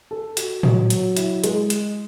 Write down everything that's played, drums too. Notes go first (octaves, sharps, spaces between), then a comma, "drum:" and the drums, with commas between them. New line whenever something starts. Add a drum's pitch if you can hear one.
A4
F#4, drum: hi-hat
F#3, drum: tom A2
F#3, drum: hi-hat
E4, drum: hi-hat
G#3, drum: hi-hat
drum: hi-hat